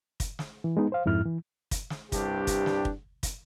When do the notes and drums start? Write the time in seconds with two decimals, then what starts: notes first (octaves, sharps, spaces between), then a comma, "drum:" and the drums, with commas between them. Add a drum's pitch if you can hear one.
0.20 drum: kick, hi-hat
0.39 drum: snare
0.64 E3
0.77 G#3 B3 D#4
0.92 C5 F5
1.06 F2 G#2 E4 F6
1.25 E3
1.71 drum: kick, hi-hat
1.90 drum: snare
2.12 C2 G2 D4 G4, drum: kick, hi-hat
2.47 drum: kick, hi-hat
2.66 drum: snare
2.85 drum: kick
3.23 drum: kick, hi-hat